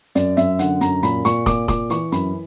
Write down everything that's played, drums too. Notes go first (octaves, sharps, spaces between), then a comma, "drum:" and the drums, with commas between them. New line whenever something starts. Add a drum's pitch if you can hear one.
F#2 D5, drum: hi-hat
F#2 E5, drum: hi-hat
D3 F#5, drum: hi-hat
F#2 A#5, drum: hi-hat
A#2 B5, drum: hi-hat
A#2 C#6, drum: hi-hat
A#2 D6, drum: kick, hi-hat
A#2 D6, drum: kick, hi-hat
E3 C#6, drum: hi-hat
F#2 B5, drum: hi-hat